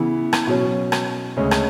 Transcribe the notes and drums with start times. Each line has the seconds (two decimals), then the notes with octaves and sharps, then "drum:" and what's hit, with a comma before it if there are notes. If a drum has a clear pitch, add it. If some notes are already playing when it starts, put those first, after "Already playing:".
Already playing: C#3 E3 B3 E4
0.33 drum: rim click
0.47 B2 F#3 C#4
0.92 drum: rim click
1.37 D2 C#3 G#3 C#4
1.51 drum: rim click